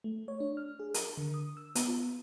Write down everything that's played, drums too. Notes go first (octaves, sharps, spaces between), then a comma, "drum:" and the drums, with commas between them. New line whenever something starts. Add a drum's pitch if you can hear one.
A3
C#5
D4
F6
G#4
A#4, drum: hi-hat
D3
D#6
E6
B3, drum: hi-hat
F4